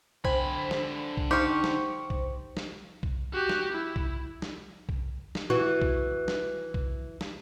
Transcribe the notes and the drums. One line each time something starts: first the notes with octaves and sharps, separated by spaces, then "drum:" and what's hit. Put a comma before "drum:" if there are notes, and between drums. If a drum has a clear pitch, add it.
D3 C5 G5 G#5 B5, drum: kick B1
drum: snare
drum: kick B1
D#4 G4 C5 F5 C#6
drum: snare
drum: kick B1
drum: snare
drum: kick B1
F#4 G4
drum: snare
E4
drum: kick B1
drum: snare
drum: kick B1
drum: snare
E3 F#4
drum: kick B1
drum: snare
drum: kick B1
drum: snare